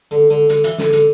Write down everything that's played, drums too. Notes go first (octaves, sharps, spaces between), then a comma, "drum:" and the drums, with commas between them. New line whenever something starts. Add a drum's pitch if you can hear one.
D3
D3
D3, drum: hi-hat
E3, drum: hi-hat
D3, drum: snare
D3, drum: hi-hat